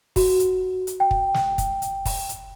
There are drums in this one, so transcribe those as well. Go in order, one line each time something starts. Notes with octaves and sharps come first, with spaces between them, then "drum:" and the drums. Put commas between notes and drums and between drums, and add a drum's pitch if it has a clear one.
F#4, drum: kick, open hi-hat
drum: hi-hat
drum: hi-hat
G5
drum: kick
drum: snare
drum: kick, hi-hat
drum: hi-hat
drum: kick, open hi-hat
drum: hi-hat